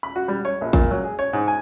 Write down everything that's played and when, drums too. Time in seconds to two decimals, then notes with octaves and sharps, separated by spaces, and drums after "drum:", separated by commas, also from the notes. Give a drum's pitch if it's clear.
0.03 B5
0.16 F#4
0.28 G3
0.45 C#5
0.61 A#1
0.73 A#2, drum: kick A1
0.91 F#3
1.04 G#4
1.19 C#5
1.33 G#2
1.48 G#5